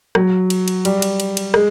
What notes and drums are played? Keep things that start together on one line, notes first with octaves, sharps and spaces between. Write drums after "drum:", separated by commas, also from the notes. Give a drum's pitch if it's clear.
F#3, drum: rim click
drum: cymbal
drum: cymbal
G3, drum: cymbal
drum: cymbal
drum: cymbal
drum: cymbal
G#3, drum: rim click